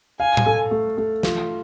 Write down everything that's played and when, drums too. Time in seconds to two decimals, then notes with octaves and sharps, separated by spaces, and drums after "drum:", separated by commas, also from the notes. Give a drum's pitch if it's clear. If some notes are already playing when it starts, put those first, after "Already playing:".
0.20 F5 G#5
0.37 drum: tom A2
0.46 A4
0.71 A3
0.98 A3
1.23 F4, drum: snare